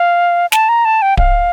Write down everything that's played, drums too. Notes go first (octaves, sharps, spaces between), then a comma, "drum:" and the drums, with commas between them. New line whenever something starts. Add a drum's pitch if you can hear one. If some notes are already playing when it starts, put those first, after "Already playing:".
Already playing: F5
A5, drum: snare
A#5
A5
G5
F5, drum: kick D1